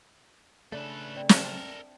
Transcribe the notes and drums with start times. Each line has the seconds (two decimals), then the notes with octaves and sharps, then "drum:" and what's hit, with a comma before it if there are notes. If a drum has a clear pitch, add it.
0.72 C#3 A3 C#4 D4 A4 B4
1.16 C4 D5
1.29 A4 A#4 E5, drum: snare